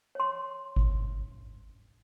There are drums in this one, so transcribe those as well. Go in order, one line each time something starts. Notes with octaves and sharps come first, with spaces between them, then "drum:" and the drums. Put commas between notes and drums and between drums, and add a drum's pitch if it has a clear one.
C#5 C6
drum: kick G1